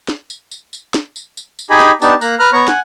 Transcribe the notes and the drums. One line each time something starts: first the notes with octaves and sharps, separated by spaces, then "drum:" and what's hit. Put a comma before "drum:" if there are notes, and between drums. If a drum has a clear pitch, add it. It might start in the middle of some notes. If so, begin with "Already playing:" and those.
drum: snare
drum: tambourine
drum: tambourine
drum: tambourine
drum: snare
drum: tambourine
drum: tambourine
drum: tambourine
D#4 G4 G#4 D#5 G#5 B5
drum: snare
B3 D4 D#4 G4 A5, drum: tambourine
A#3 A#5 F#6, drum: tambourine
B4 A#5 F6 F#6
B3 C#5 A#5 C#6
F#5 G#5, drum: snare